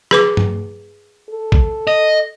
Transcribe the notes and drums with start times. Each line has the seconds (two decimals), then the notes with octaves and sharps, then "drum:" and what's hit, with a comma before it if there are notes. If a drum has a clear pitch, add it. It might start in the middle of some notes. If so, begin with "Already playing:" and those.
0.11 G#4 B4 D6, drum: rim click
0.37 drum: tom G2
1.30 A4
1.52 drum: kick A#1
1.87 D#5